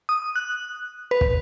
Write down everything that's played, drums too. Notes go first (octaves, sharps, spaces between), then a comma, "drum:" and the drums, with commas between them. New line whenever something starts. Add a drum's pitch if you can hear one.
D#6
F#6
B4
drum: kick